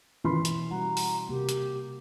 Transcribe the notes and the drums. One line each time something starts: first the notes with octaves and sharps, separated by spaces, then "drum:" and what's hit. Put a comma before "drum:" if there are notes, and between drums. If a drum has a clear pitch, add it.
B2 E3 C#4 B5 C6
drum: hi-hat
G3 F#4 F#5 A#5
drum: open hi-hat
C3 A#3 G4
drum: hi-hat